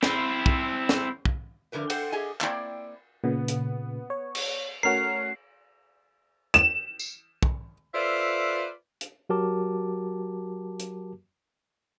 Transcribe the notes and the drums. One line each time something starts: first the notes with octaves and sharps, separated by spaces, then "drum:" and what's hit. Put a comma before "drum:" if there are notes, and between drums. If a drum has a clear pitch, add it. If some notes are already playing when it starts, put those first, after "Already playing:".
C4 E4, drum: snare
drum: kick
drum: snare
drum: kick
F2 D3 D#3 A#4 B4
A4 C5 F#5 G5, drum: cymbal
G4 G#4 D#5 G#5
A#3 C4 E4 C5 D5 G5, drum: clap
A#2 C#3 B3
drum: hi-hat
C#5
drum: cymbal
A3 C#4 F#4 A#4 F6 C7
E7, drum: hi-hat
drum: tambourine
drum: kick
F4 A4 B4 C5 D5 E5
drum: hi-hat
F#3 F#4 G4 A#4 A5 D6
drum: hi-hat